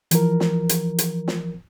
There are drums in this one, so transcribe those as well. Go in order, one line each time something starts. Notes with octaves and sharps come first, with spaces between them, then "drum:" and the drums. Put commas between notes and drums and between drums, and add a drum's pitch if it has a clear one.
E3 F3 A#4, drum: hi-hat
drum: snare
drum: hi-hat
drum: hi-hat
drum: snare